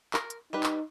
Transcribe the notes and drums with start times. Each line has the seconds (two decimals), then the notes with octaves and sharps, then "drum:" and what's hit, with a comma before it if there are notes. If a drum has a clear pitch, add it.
0.14 A#4, drum: clap
0.30 drum: hi-hat
0.53 G3 D#4 G4 B4
0.63 drum: clap